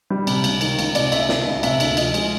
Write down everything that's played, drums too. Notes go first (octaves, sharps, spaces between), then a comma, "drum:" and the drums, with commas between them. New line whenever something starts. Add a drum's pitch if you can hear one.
G3
C3, drum: cymbal
C#2, drum: cymbal
D#3, drum: cymbal
C#2, drum: cymbal
C3 D5, drum: cymbal
C#2 E5, drum: cymbal
D#3, drum: snare
C#2 E5
C3 E5, drum: cymbal
D2, drum: cymbal
F3 D#5, drum: cymbal
G#3, drum: cymbal